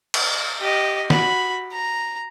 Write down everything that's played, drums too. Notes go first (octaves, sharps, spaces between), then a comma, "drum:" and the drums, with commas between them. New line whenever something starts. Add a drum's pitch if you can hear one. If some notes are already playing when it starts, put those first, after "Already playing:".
drum: cymbal
G4 D#5
F#4 B5, drum: snare
A#5